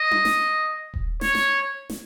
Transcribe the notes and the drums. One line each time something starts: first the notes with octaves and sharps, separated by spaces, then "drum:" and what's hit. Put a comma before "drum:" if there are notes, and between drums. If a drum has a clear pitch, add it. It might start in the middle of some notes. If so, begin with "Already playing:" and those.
Already playing: D#5
drum: tom D4
drum: snare
drum: kick D#1
C#5, drum: snare
drum: snare
drum: snare